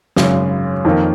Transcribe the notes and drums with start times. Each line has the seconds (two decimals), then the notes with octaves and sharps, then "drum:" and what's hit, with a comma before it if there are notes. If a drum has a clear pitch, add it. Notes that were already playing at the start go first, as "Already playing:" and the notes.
0.16 G#1 F#2 C#3, drum: snare
0.85 F2 D#3 A#3